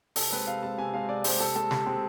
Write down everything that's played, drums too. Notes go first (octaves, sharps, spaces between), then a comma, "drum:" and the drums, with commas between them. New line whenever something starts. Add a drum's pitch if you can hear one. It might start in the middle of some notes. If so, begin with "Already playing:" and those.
C3 A4, drum: open hi-hat
G#3 C4 B4
C3 F5
G#3 C4 A5
C3 G#5
G#3 C4 F5
C3 D5
G#3 C4 C5, drum: open hi-hat
C3 A4
G#3 C4 A4
C3, drum: snare
G#3 C4